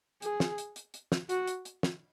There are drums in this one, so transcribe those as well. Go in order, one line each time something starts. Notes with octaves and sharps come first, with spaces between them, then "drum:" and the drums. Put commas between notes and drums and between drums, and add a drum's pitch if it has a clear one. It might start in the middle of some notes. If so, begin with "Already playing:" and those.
G#4, drum: hi-hat
drum: snare
drum: hi-hat
drum: hi-hat
drum: hi-hat
drum: snare
F#4, drum: hi-hat
drum: hi-hat
drum: hi-hat
drum: snare